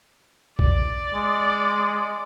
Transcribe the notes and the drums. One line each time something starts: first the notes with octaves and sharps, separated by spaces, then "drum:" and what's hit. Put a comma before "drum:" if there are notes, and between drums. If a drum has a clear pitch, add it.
D5, drum: kick A#1
G#3